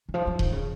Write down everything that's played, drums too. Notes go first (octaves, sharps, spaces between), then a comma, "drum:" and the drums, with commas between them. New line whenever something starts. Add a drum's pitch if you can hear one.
D#3
F3
F3
D#3, drum: kick D#1
C#3